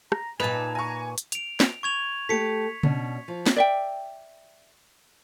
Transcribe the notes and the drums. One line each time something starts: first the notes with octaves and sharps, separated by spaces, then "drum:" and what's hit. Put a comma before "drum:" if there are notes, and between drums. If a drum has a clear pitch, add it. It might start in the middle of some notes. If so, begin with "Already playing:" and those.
A#5, drum: rim click
A#2 D#4 B4 G#5 A5 F7
G#5 A#5 C#6
drum: hi-hat
D7 F7, drum: hi-hat
drum: snare
C#6 G#6 F7
A3 G4 A4 B6 C#7
B2 C#4 D4, drum: tom C#3
F3
drum: snare
D5 E5 G5